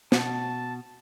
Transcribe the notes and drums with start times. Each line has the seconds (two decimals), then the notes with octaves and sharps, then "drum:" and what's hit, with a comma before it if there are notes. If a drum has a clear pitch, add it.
0.12 B2 A5, drum: snare